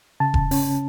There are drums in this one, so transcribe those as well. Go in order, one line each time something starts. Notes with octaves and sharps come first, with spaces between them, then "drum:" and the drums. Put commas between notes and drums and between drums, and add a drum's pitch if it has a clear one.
C#3 A5
drum: kick E1
C#4, drum: open hi-hat